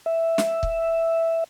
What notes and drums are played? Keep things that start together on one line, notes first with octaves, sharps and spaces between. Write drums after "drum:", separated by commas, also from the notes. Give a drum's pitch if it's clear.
E5
drum: snare
drum: kick